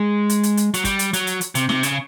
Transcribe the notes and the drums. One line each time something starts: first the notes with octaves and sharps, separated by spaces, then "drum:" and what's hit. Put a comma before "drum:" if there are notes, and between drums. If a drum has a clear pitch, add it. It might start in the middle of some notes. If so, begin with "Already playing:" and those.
Already playing: G#3
drum: hi-hat
drum: hi-hat
drum: hi-hat
F#3, drum: hi-hat
G3, drum: kick, hi-hat
drum: hi-hat
F#3, drum: hi-hat
drum: hi-hat
drum: hi-hat
C3, drum: hi-hat
C3, drum: snare
C#3, drum: hi-hat